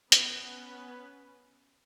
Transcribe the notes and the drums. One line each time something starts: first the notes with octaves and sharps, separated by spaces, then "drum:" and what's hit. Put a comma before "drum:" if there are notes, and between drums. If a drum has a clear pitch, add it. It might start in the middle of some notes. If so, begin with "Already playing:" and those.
B3 C#4 B4, drum: hi-hat